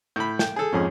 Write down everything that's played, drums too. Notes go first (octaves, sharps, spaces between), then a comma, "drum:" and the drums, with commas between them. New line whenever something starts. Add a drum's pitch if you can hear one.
A2 B5 G6
G5, drum: snare
G#4 A4
F2 G#2 F3 C#4 G#4